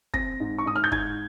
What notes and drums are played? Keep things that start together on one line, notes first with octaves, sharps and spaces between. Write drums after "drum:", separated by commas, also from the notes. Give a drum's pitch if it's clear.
C4 A#6, drum: kick
G#2
C#6
G#2 D#6
F6
G6
G#2 G#6, drum: kick